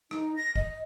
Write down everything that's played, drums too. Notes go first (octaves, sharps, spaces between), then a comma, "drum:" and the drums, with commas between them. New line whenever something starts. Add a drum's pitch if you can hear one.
D#4, drum: rim click
A#6
D#5, drum: kick